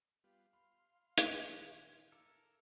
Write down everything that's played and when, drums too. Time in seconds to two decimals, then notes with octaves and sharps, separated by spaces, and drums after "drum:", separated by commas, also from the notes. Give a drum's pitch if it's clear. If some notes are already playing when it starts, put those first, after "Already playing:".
0.24 G3 B3 F4 G4 F5
0.53 B5 C6 F6
1.18 drum: hi-hat
1.46 A#2 D#3
2.12 A4 A#4 E5 D6 E6